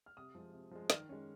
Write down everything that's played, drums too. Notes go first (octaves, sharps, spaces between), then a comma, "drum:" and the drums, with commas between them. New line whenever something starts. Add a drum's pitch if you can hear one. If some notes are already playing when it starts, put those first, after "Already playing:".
F6
C3 D#6
F3 G#3
C3
F3 G#3
D#3 F6, drum: snare
G#3 C#4